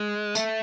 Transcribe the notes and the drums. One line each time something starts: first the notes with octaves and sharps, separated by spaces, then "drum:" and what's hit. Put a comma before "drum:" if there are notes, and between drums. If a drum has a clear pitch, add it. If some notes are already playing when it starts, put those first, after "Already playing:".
Already playing: G#3
A3, drum: tambourine